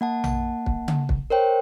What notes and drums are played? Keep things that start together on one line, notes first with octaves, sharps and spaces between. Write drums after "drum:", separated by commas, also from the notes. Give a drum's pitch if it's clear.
A#3 F#5 A5
drum: tom A#1
drum: kick
drum: tom C#3
drum: kick
A#4 C5 C#5 G5